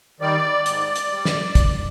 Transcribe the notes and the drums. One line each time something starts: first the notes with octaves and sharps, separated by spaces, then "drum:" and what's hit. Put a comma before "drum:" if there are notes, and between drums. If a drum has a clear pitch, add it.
D#3 G3 D5
G#2, drum: hi-hat
drum: hi-hat
G3
drum: snare
drum: kick, hi-hat